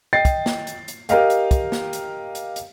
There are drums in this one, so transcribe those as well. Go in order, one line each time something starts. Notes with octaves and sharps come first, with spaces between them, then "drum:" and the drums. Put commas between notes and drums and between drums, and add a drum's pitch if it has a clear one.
D#5 G5 A6 C7
drum: kick, hi-hat
drum: snare
drum: hi-hat
drum: hi-hat
G4 A#4 D#5 F5 G5, drum: hi-hat
drum: hi-hat
drum: kick, hi-hat
drum: snare
drum: hi-hat
drum: hi-hat
drum: hi-hat